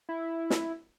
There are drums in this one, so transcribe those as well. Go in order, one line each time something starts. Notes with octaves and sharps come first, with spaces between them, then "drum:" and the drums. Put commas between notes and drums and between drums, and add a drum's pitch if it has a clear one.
E4
drum: snare